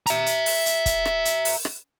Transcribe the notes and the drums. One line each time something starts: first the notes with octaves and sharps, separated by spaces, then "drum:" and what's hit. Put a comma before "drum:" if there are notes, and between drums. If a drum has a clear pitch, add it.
E5 A#5, drum: hi-hat
drum: hi-hat
drum: open hi-hat
drum: hi-hat
drum: kick, hi-hat
drum: rim click
drum: hi-hat
drum: open hi-hat
drum: rim click